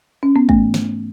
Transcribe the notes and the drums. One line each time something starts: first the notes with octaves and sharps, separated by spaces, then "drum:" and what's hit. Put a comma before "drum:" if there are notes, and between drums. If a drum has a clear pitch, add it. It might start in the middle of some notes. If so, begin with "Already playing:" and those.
C#4
B3
G#2 E3 A3, drum: kick
drum: snare